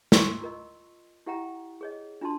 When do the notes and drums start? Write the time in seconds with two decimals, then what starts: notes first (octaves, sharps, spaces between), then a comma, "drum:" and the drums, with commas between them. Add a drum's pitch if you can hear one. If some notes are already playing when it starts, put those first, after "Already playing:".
0.12 A#5 C6 C#6 E6, drum: snare
0.42 F4 A#4 D#5
1.26 E4 G4 E5 F#5 G5 A#5
1.81 G#4 C#5 D#5
2.21 D4 F4 F#4 A5 C6